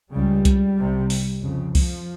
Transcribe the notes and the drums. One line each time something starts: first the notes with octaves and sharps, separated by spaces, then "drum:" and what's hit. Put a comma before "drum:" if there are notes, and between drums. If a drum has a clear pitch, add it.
C#2 C#3 G3
drum: kick C2, hi-hat
C2 C3
drum: open hi-hat
F2 C#3
F3, drum: kick C2, open hi-hat